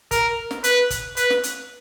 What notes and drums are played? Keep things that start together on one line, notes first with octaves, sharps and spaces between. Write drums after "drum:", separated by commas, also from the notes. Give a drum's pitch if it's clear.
A#4, drum: kick, hi-hat
drum: snare
B4, drum: hi-hat
drum: kick, hi-hat
B4, drum: hi-hat
drum: snare
drum: hi-hat